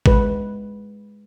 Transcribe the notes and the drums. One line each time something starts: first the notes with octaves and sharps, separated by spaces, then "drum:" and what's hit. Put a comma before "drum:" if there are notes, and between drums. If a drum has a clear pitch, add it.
G#3 B4, drum: kick